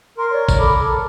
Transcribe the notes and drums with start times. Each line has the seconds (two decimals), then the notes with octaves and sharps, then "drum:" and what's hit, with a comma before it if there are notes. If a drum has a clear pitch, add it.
0.18 A#4 C6
0.31 C#5 D5
0.49 drum: kick A1, tambourine
0.58 A4 B5 D6
0.77 A4